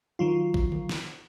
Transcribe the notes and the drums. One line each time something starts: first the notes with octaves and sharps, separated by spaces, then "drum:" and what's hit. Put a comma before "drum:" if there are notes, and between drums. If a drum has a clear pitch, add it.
D#3 F#3 F4
drum: kick A1
drum: tom D3
drum: snare